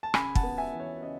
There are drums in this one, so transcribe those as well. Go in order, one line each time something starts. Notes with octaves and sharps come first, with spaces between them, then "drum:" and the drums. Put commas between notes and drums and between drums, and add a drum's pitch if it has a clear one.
A5
C#3 G#5 B5, drum: rim click
F#5 A5, drum: kick
B3
E5 G#5
E3
C#5
C#3 D#5